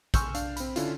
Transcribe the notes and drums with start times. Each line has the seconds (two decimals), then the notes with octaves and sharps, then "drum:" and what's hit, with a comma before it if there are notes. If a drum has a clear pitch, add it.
0.14 G#5 C6 C#6 E6 F6 G6, drum: kick, hi-hat
0.34 D4 F5, drum: hi-hat
0.56 C4 B5, drum: hi-hat
0.76 D3 C#4 E4 F4, drum: hi-hat